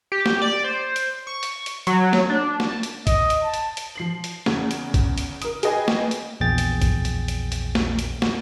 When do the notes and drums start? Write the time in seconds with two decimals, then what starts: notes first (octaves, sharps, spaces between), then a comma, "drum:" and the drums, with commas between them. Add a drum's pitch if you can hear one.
0.12 G4
0.26 drum: snare
0.42 D5
0.64 C5
0.96 drum: hi-hat
1.27 C#6
1.43 drum: hi-hat
1.66 drum: hi-hat
1.87 F#3, drum: hi-hat
2.13 drum: snare
2.30 D4
2.60 drum: snare
2.69 A5
2.83 drum: hi-hat
3.07 D#5, drum: kick, hi-hat
3.30 drum: hi-hat
3.43 A5
3.54 drum: hi-hat
3.77 drum: hi-hat
3.96 F3 C7 F#7
4.24 drum: hi-hat
4.46 E2 C#3 G#6, drum: snare
4.71 drum: hi-hat
4.94 drum: kick, hi-hat
5.18 drum: hi-hat
5.42 A#4 D#6, drum: hi-hat
5.63 G#4 B4 D#5 G5 G#5, drum: hi-hat
5.88 drum: snare
6.11 drum: hi-hat
6.40 A#1 E2 A#2 G#4 G5 A6
6.58 drum: hi-hat
6.82 drum: kick, hi-hat
7.05 drum: hi-hat
7.28 drum: hi-hat
7.52 drum: hi-hat
7.75 drum: snare
7.99 drum: hi-hat
8.22 drum: snare